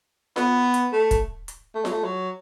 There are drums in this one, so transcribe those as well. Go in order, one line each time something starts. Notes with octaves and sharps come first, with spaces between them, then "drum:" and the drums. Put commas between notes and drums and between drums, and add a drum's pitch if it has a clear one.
B3, drum: snare F4
drum: hi-hat
A3
drum: kick, hi-hat
drum: hi-hat
A3
F#3, drum: snare F4
A3
F#3